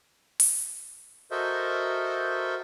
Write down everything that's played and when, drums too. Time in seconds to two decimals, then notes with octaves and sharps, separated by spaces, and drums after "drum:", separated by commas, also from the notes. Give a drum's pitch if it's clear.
0.40 drum: open hi-hat
1.31 F#4 A4 A#4 C5 D#5 E5